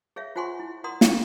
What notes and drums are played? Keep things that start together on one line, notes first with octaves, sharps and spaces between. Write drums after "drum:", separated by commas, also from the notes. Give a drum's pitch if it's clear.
G#4 C#5 E5 F5
F4 C5 F#5 G#5 C6 C#6
E4
A#4 D5 F#5 A#5 C6 D#6
D4 G#4 C#6, drum: snare